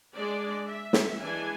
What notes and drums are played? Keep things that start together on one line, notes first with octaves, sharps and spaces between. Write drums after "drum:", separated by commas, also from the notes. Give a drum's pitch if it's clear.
G#3 D4 D5
E5
drum: snare
E3 G#3 D4 G#5